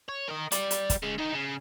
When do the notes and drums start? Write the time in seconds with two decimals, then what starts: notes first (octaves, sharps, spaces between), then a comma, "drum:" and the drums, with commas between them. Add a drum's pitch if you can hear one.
0.09 C#5
0.28 A#4 D#5
0.52 G3 D5, drum: hi-hat
0.71 drum: hi-hat
0.90 drum: kick, hi-hat
1.02 C#3 G#3
1.18 D#3 D#4
1.33 C#3